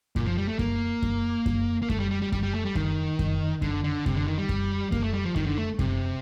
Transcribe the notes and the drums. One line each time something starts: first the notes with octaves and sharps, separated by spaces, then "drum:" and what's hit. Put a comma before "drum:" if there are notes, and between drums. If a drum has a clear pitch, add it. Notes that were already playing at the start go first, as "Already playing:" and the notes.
A#2, drum: kick F#2
F3
G3
A3
A#3, drum: kick F#2
drum: kick F#2
drum: kick F#2
A#3
A3, drum: kick F#2
G3
G3
G3
G3, drum: kick F#2
G3
A3
G3
D#3, drum: kick F#2
drum: kick F#2
D3, drum: kick F#2
D3
C3, drum: kick F#2
D3
D#3
G3
drum: kick F#2
A#3, drum: kick F#2
A3
G3
F3
D#3, drum: kick F#2
D3
A3
C3, drum: kick F#2